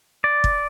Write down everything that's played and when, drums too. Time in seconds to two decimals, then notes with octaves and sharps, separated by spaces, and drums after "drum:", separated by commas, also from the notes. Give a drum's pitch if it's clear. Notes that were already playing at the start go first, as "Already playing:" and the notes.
0.24 D5
0.44 drum: kick